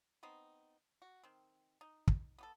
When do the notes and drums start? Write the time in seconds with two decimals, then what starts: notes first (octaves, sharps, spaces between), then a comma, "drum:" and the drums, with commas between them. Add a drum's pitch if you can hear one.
0.23 B3 C4 D#4
1.02 F#4
1.23 D#3 C4
1.81 D#4
2.07 drum: kick
2.38 B3 G4 A4